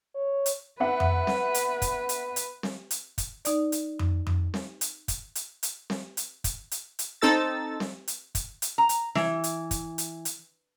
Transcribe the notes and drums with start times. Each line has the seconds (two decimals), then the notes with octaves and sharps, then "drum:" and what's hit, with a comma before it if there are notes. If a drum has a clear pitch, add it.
0.15 C#5
0.46 drum: hi-hat
0.80 B3 B4 E5 F#5
1.00 drum: tom F2
1.27 drum: snare C4
1.54 drum: hi-hat
1.82 drum: kick, hi-hat
2.09 drum: hi-hat
2.36 drum: hi-hat
2.63 drum: snare C4
2.91 drum: hi-hat
3.18 drum: kick, hi-hat
3.45 D#4 D5, drum: hi-hat
3.72 drum: hi-hat
3.99 drum: tom F2
4.27 drum: tom F2
4.54 drum: snare C4
4.81 drum: hi-hat
5.08 drum: kick, hi-hat
5.35 drum: hi-hat
5.63 drum: hi-hat
5.90 drum: snare C4
6.17 drum: hi-hat
6.44 drum: kick, hi-hat
6.71 drum: hi-hat
6.99 drum: hi-hat
7.22 C4 D#4 A4 E6 A6
7.80 drum: snare C4
8.08 drum: hi-hat
8.35 drum: kick, hi-hat
8.62 drum: hi-hat
8.78 A#5
8.89 drum: hi-hat
9.15 E3, drum: snare C4
9.44 drum: hi-hat
9.71 drum: kick, hi-hat
9.98 drum: hi-hat
10.25 drum: hi-hat